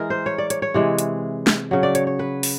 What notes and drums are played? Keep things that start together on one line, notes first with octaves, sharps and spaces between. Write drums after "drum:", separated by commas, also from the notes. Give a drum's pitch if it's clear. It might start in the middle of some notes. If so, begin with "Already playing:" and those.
Already playing: E3 G#3 G#4 A#4
C5
C#5
D5
C#5, drum: hi-hat
C#5
C3 E3 G#3
drum: hi-hat
drum: snare
C#3 F#3
D5
C#5, drum: hi-hat
C#5
B4
drum: open hi-hat